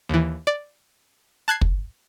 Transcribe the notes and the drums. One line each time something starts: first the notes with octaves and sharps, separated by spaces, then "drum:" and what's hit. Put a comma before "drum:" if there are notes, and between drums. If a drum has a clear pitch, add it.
D#2 E3
D5
A5 F#6 G#6 C7
drum: kick